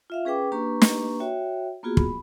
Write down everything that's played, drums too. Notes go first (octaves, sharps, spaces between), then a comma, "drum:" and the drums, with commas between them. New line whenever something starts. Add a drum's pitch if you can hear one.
F4 E5 F5
C#4 G#4 B4 G5 D6
A#3 D4 G4 B4 A#5 C#6
drum: snare
F#4 C#5 E5 G5
A#3 B3 F4 F#4 G#4
B5, drum: kick